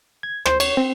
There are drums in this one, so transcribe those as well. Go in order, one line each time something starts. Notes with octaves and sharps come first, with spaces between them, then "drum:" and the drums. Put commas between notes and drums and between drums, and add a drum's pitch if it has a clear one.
G#6
C5, drum: rim click
C#5, drum: cymbal
C4